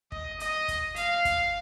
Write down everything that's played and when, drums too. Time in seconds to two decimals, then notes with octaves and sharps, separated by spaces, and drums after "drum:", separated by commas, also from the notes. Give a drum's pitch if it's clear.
0.12 D#5, drum: kick
0.40 D#5, drum: hi-hat
0.68 drum: kick, hi-hat
0.96 F5, drum: hi-hat
1.25 drum: kick, hi-hat